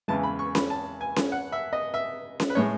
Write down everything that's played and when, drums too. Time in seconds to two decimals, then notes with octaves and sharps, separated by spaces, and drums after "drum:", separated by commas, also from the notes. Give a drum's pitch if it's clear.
0.08 E2 C#3 E3 G#3 A5
0.23 B5
0.39 C#6
0.55 B5, drum: snare C#4
0.70 A5
1.01 G#5
1.16 drum: snare C#4
1.32 F#5
1.52 E5
1.73 D#5
1.94 E5
2.40 drum: snare C#4
2.50 B4
2.55 A2 G#3 C#5